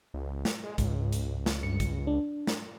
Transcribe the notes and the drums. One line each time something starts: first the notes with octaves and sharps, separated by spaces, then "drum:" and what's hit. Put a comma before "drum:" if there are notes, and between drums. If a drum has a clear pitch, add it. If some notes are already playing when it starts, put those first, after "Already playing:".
C#2
drum: snare
G#3
C#2 G#2, drum: kick, hi-hat
drum: hi-hat
drum: snare
G2 C#7
drum: kick, hi-hat
D4
drum: snare